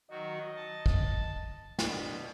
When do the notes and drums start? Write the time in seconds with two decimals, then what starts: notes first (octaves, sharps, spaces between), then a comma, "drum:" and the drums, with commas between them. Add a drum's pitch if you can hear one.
0.10 D#3 F#3 F#4 D#5
0.56 A5
0.86 drum: kick
1.79 B2 D4, drum: snare